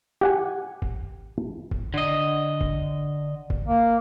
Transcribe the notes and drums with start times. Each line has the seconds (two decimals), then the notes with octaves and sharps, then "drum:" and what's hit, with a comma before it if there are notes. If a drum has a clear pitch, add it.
0.21 G4 F#5 G#5
0.82 drum: kick F#1
1.71 drum: kick F#1
1.94 D3 D#5
2.61 drum: kick F#1
3.50 drum: kick F#1
3.68 A#3